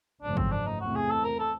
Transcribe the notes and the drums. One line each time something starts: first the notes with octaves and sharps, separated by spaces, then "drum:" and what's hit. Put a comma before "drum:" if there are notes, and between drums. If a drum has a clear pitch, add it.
G#1 F#2 C#3 F3 A3 D4
C4, drum: kick
D4
D#4
E2 C3 E3 A3 C4 F#4
G#4
A4
A#4
A4